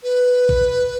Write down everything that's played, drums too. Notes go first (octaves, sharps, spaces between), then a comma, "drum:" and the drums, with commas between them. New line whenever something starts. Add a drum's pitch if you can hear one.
B4
drum: kick A#1